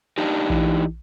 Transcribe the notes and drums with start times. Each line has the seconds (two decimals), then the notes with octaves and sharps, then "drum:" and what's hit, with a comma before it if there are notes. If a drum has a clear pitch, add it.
0.18 D4 D#4 G4
0.50 E3, drum: kick A#1